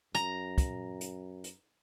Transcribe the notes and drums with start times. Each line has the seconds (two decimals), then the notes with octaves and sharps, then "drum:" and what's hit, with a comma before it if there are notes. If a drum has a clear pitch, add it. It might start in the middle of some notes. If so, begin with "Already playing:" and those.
0.15 F#2 A#5, drum: hi-hat
0.58 drum: kick, hi-hat
1.01 drum: hi-hat
1.44 drum: hi-hat